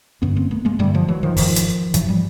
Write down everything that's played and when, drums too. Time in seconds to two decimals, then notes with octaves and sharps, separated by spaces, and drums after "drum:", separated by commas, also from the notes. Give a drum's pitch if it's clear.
0.22 G2 D3 B3 C#4
0.36 A#3 C4
0.51 A3 B3
0.65 G#3 A#3
0.79 G2 D3 G3 A3
0.94 F3 G3
1.08 E3 F#3
1.23 D#3 F3
1.37 G#2 D#3 F3, drum: kick, open hi-hat
1.56 drum: hi-hat
1.94 G#2 E3 F#3, drum: hi-hat
2.08 F3 G3